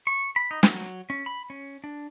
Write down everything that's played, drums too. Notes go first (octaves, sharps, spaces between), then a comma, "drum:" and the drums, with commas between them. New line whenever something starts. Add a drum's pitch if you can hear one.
C#6
B5
D#4
F#3, drum: snare
C#4
B5
C#4
D4